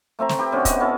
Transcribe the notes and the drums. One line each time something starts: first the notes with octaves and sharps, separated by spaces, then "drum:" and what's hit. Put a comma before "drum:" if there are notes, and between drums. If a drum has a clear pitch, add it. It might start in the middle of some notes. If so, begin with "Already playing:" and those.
A3 C4 E5 A#5
drum: snare
G4 B4 G5
B2 D3 C4 C#4
D#5 F#5, drum: kick, hi-hat
C#4 E4 A4 A5